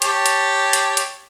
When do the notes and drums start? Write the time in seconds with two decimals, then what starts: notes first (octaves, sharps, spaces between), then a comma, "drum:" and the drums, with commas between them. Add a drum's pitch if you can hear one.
0.02 G4 C#5 A5, drum: hi-hat
0.26 drum: hi-hat
0.73 drum: hi-hat
0.97 drum: hi-hat